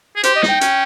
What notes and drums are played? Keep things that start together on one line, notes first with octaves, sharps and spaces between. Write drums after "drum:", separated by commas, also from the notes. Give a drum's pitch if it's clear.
G#4
G4 C5, drum: hi-hat
D#5
D#4, drum: snare
G5
C#4, drum: hi-hat